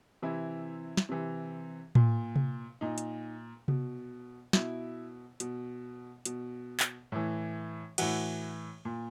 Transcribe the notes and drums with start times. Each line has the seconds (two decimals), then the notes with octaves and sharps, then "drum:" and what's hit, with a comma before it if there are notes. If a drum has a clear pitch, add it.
0.22 C3 E3 E4
0.97 drum: snare
1.09 C3 E3
1.95 A#2, drum: tom A2
2.36 drum: tom C3
2.81 A#2 D#4
2.98 drum: hi-hat
3.68 B2, drum: tom C3
4.53 B2 E4, drum: snare
5.40 B2, drum: hi-hat
6.25 B2, drum: hi-hat
6.80 drum: clap
7.12 A2 E3
7.98 A2 E3 F#4, drum: cymbal
8.85 A#2